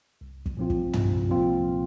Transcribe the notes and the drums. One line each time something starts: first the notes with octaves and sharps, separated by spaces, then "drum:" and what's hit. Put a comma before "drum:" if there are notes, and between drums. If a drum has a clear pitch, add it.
C2
drum: kick
A#2 F3 C4 F4
drum: kick
C2, drum: tom
A#2 F3 C4 F4